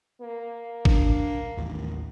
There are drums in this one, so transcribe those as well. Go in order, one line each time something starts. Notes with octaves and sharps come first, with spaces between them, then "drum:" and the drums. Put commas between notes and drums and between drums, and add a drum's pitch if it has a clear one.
A#3
D4, drum: kick
A1 D#2